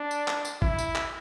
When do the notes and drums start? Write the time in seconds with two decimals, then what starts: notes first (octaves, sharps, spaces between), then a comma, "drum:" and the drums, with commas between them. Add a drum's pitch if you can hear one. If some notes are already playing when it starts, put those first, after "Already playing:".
Already playing: D4
0.11 drum: tambourine
0.28 drum: clap
0.45 drum: tambourine
0.62 E4, drum: kick G1
0.79 drum: tambourine
0.95 drum: clap